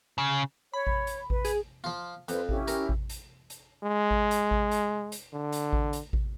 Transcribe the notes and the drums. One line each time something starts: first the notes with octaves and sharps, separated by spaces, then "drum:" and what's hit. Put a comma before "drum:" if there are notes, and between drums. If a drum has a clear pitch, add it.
C#3
C#5 B5
drum: kick A1
drum: hi-hat
B4, drum: kick A1
G#4, drum: hi-hat
F3 F4
F2 B4 C5, drum: hi-hat
C#4 E4 G4, drum: kick A1
A#4, drum: hi-hat
drum: kick A1
drum: hi-hat
drum: hi-hat
G#3
drum: kick A1
drum: hi-hat
drum: kick A1
drum: hi-hat
drum: hi-hat
D3
drum: hi-hat
drum: kick A1
drum: hi-hat
drum: kick A1